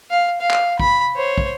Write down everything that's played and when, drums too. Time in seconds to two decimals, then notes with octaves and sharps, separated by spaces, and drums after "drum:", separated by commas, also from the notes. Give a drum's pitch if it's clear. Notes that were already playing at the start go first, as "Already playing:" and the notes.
0.11 F5
0.41 F5
0.51 drum: clap
0.80 B5, drum: kick
1.16 C5 C#5
1.38 drum: kick